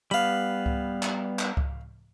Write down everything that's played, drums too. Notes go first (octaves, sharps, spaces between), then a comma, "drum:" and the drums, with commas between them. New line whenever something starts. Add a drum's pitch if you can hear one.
G3 B3 F5 B5
drum: kick C#2
drum: clap
drum: clap
drum: kick C#2